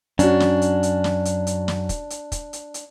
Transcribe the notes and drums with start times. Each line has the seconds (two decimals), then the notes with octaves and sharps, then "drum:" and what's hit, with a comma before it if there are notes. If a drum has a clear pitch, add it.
0.19 F#2 C#4 D4 F#4, drum: hi-hat
0.40 drum: snare
0.62 drum: hi-hat
0.83 drum: hi-hat
1.04 drum: snare
1.25 drum: hi-hat
1.47 drum: hi-hat
1.68 drum: snare
1.89 drum: kick, hi-hat
2.10 drum: hi-hat
2.32 drum: kick, hi-hat
2.53 drum: hi-hat
2.74 drum: hi-hat